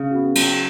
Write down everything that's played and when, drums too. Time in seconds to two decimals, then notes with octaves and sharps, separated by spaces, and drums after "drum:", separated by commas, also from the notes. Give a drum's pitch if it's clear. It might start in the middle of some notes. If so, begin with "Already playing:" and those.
Already playing: C#3
0.11 B3 F#4
0.35 F#3, drum: cymbal